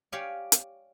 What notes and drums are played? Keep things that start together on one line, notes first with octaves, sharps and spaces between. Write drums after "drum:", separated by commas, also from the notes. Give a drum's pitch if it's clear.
G4 C#5 D5 F5 G#5
drum: hi-hat